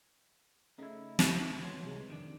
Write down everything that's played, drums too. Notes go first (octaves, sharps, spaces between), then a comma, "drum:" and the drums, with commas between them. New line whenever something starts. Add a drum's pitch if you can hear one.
C#3 A3 D#4 E4
drum: snare
E3 F#3 C6 G#6
C2 C3 G#3
F2 D#3 D4